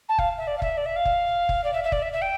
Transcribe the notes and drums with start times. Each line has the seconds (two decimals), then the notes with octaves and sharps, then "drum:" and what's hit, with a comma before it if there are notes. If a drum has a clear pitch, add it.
0.08 A5
0.18 F5, drum: kick F1
0.37 E5
0.47 D5
0.57 F5
0.62 E5, drum: kick F1
0.77 D5
0.85 E5
0.96 F5
1.05 drum: kick F1
1.49 drum: kick F1
1.64 D5
1.73 E5
1.83 E5
1.92 D5, drum: kick F1
2.02 E5
2.12 E5
2.21 G5